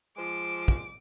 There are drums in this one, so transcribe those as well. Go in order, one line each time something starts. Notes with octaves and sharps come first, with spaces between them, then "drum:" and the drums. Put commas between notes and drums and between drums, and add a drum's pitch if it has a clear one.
F3 G#3 C5 D6
drum: kick